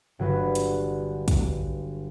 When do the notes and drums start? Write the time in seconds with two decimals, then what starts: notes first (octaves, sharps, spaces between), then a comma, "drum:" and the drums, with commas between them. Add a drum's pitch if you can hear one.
0.19 G1 F#3 B4
0.55 drum: hi-hat
1.28 drum: kick, hi-hat